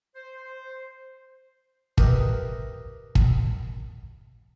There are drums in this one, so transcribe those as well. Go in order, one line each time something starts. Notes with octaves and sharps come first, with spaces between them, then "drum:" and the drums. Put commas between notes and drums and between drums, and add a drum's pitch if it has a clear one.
C5
G4 A#4 B4 D#5 E5, drum: kick
drum: kick